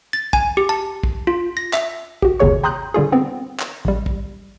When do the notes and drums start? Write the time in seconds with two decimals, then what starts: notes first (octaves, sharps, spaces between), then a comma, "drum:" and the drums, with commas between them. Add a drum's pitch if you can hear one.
0.13 A6
0.33 G#5, drum: kick
0.57 G4
0.69 A5
1.03 drum: kick
1.27 F4
1.57 A#6
1.73 E5, drum: clap
2.22 F#4 G4, drum: kick
2.40 G1 D#2 C3 G#4 C#5 C#6
2.63 G5 A#5 C6 D#6 F#6 G6
2.94 D3 G3 F4 G#4
3.12 B3 C4
3.60 drum: clap
3.85 A1 G3
4.06 drum: kick